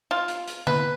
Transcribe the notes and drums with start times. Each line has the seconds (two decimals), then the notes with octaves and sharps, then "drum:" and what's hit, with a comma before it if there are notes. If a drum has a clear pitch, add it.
0.11 F4
0.28 drum: hi-hat
0.48 drum: hi-hat
0.67 B4, drum: tom D3